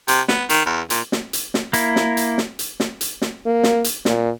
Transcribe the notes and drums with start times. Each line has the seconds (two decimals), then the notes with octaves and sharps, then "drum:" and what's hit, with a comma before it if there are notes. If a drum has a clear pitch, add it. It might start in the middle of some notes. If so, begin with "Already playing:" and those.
0.08 C3, drum: hi-hat
0.28 B3, drum: snare
0.49 D#3, drum: hi-hat
0.66 E2
0.90 A#2, drum: hi-hat
1.12 drum: snare
1.33 drum: hi-hat
1.54 drum: snare
1.73 A#3 E4, drum: hi-hat
1.96 drum: snare
2.17 drum: hi-hat
2.38 drum: snare
2.59 drum: hi-hat
2.80 drum: snare
3.01 drum: hi-hat
3.22 drum: snare
3.46 A#3
3.63 drum: snare
3.84 drum: hi-hat
4.05 A#2, drum: snare